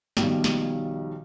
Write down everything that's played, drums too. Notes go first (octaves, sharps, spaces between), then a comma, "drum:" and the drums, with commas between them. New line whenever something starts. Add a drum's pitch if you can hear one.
B1 B2 D#3 F3 G3, drum: snare
drum: snare